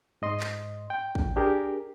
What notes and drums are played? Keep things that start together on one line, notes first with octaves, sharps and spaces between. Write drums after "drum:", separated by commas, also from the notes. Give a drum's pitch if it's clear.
G#2 D#5 C6
drum: clap
G5
drum: kick
D4 G4 G#4 A#4